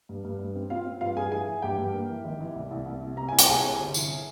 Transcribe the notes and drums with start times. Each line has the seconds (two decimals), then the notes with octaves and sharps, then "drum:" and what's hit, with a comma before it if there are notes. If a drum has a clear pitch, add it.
0.09 G2
0.25 G2
0.39 G2
0.56 C4
0.70 C4 F4 F5
0.86 C4
1.01 G2 F4 F5
1.16 G2 G#4 G#5
1.32 E3 G#4 G#5
1.48 E3
1.62 G2 G4 G5
1.78 G2
1.94 A#3
2.09 E3
2.24 G#1
2.41 E3
2.56 C2
2.71 C2
2.86 C2
3.01 C3
3.17 C4 A#5
3.29 C2 G#5
3.39 G5, drum: hi-hat
3.48 C2 G#4 G#5
3.63 C3
3.79 G1
3.94 E3, drum: tambourine